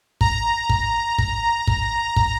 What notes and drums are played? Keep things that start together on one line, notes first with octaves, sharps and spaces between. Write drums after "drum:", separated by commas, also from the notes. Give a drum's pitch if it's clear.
A#5, drum: kick
drum: kick
drum: kick
drum: kick
drum: kick